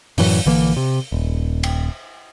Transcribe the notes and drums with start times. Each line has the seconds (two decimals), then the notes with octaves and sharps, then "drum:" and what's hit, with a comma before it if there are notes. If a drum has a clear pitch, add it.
0.18 F#2 A2 E3 F#3, drum: open hi-hat
0.45 A#1 D3 E3 A#3
0.76 C3
1.12 D#1
1.63 drum: cymbal